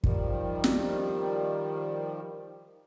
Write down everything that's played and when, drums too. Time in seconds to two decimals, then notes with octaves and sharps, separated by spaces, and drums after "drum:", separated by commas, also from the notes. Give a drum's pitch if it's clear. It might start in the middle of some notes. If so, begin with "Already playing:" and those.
0.04 D#3 F3 G3, drum: kick
0.64 drum: snare